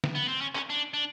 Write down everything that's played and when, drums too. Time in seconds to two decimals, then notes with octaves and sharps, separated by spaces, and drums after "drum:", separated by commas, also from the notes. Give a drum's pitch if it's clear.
0.04 drum: snare
0.15 B3
0.28 C4
0.41 C#4
0.55 C#4, drum: clap
0.70 D4
0.94 D4